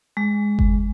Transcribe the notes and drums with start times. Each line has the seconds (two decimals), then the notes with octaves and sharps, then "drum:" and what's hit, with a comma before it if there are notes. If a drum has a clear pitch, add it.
0.17 G#3
0.59 drum: kick F#1